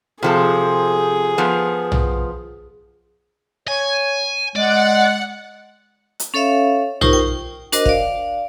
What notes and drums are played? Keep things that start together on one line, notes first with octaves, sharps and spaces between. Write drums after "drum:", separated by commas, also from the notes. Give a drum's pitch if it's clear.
C3 F3 G#4 A4
F3 B3
drum: tom
C#5 G#5
G#3 D5 F#5
drum: hi-hat
C#4 A4 C#5 E5 F5
D#4 F4 G4 A#4 C5 C#6, drum: tom
G5
D4 F#4 A#4 C5 D#5, drum: hi-hat
D5 F5, drum: kick